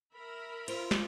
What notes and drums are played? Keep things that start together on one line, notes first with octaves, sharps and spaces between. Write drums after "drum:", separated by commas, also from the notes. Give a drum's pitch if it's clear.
A#4 E5 B5
F4 C5, drum: cymbal
drum: snare